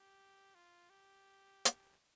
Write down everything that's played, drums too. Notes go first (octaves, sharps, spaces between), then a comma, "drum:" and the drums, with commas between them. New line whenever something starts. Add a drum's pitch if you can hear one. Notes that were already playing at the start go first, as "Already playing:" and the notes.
Already playing: G4
F4
G4
drum: hi-hat